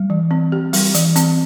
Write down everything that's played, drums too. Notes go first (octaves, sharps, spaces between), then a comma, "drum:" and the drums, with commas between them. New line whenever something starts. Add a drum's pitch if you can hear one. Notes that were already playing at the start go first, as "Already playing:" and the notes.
Already playing: G3
E3
C4
G4
G3, drum: open hi-hat
E3, drum: hi-hat
C4, drum: hi-hat